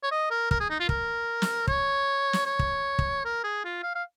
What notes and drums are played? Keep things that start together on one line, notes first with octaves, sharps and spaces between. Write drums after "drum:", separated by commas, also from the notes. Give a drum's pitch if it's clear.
C#5
D#5
A#4
A#4, drum: kick
G#4
D#4
F4
A#4, drum: kick
drum: snare
C#5, drum: kick
drum: snare
C#5
drum: kick
drum: kick
A#4
G#4
F4
F5
F5